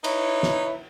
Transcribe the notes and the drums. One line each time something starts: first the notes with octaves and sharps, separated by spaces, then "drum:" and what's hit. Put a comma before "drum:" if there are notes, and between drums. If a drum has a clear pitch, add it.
D#4 E4 B4 C#5, drum: cymbal
drum: snare